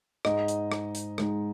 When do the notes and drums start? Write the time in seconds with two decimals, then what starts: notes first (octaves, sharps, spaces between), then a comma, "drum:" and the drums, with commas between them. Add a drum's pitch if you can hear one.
0.25 G#2 G#3 D#4 D#5, drum: rim click
0.48 drum: hi-hat
0.72 drum: rim click
0.95 drum: hi-hat
1.18 G#2 G#3 D#4, drum: rim click